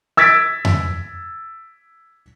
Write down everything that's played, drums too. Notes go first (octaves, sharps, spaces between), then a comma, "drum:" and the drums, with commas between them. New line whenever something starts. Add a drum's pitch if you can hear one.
E6 G#6 A6 B6 D7
drum: tom F2